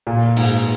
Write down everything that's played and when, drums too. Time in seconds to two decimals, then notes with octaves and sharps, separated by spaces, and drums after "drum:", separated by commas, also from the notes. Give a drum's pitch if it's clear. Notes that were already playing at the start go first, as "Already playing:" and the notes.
0.07 A#2
0.36 G#2, drum: open hi-hat